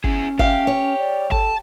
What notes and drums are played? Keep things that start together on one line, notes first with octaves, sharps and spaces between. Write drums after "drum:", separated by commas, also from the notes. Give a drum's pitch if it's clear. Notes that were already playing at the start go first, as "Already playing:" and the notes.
C#4 E4 G#4, drum: kick
G4 F5, drum: kick
C#5
D5
A4 A5, drum: kick